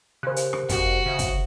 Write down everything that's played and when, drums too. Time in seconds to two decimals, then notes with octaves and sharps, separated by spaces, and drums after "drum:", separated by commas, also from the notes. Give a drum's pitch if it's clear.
0.23 C#3 G4 A#4 C5 F#6
0.36 drum: hi-hat
0.53 drum: rim click
0.69 F2 F#4, drum: kick, hi-hat
1.06 C#3 C5 E5 D#6
1.19 drum: kick, hi-hat